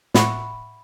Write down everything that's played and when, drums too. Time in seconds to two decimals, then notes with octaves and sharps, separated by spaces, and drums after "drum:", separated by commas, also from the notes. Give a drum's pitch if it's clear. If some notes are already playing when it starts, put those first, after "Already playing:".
0.14 A2 E5 F#5 B5 C#6, drum: snare